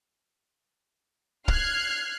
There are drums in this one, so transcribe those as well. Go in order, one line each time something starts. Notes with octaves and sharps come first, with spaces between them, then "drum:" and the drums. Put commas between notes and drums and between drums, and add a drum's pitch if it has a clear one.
F6 F#6 G#6 C7, drum: kick